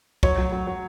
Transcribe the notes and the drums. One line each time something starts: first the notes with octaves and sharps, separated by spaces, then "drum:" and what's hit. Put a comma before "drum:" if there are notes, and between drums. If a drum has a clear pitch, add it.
F#3 C#5, drum: kick
F#3
F#3
F#3